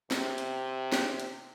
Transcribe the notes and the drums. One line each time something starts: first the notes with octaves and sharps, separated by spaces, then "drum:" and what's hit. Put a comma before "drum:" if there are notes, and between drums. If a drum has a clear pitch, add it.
C3, drum: snare
drum: hi-hat
drum: snare
drum: hi-hat